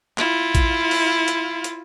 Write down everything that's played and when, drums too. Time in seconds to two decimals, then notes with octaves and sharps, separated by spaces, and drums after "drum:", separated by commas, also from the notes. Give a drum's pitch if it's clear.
0.18 E4 F4, drum: clap
0.55 drum: kick A#1, hi-hat
0.91 drum: open hi-hat
1.28 drum: hi-hat
1.64 drum: hi-hat